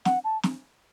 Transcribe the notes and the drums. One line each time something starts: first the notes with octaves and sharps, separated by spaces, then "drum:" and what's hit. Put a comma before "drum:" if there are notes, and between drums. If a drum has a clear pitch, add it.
F#5, drum: snare
A5
drum: snare